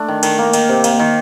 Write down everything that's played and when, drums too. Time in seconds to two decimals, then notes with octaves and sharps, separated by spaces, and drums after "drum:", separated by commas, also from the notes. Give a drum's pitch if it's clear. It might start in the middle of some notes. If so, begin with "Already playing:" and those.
Already playing: A3 D4
0.08 D#3
0.23 D#3, drum: cymbal
0.38 A#3
0.53 D#3, drum: cymbal
0.69 C3
0.84 A#3, drum: cymbal
0.99 D#3